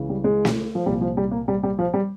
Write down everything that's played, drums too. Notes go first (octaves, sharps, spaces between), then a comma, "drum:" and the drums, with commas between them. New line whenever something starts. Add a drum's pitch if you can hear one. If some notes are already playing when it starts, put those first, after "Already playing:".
Already playing: C#2 C#3 E3
G3
G#3
drum: snare
F3
C2 A#2 F3 G3
F3
G3
A#3
G3
G3
F3
G3